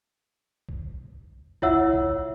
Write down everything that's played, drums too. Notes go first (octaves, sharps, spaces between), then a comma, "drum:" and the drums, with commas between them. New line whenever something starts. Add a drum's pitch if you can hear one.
drum: kick
E4 F4 C#5 E5 F#5 E6, drum: kick
drum: kick